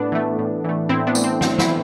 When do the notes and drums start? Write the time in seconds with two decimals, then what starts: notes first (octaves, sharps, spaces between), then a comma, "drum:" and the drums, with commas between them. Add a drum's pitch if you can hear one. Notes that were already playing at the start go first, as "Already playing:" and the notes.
Already playing: A2 B3 D4
0.12 E3 A3
0.39 A2
0.64 E3 A3
0.89 A2 C4 E4
1.07 B3 D4
1.15 E3 A3, drum: tambourine
1.24 C4
1.41 A2 C4, drum: snare
1.58 C4 E4, drum: snare
1.67 E3